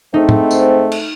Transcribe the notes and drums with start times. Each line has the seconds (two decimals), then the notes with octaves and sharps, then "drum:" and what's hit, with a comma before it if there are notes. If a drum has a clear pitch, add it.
0.14 G#2 A3 C4 D#4
0.29 drum: tom
0.51 drum: tambourine
0.92 drum: cymbal